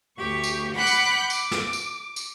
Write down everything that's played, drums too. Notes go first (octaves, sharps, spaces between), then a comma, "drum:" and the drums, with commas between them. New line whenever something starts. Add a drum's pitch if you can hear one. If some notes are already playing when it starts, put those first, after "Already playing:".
D2 G4 C#6
drum: tambourine
F#5 B5 D6 F#6 G6
drum: tambourine
D6, drum: tambourine
drum: snare
drum: tambourine
drum: tambourine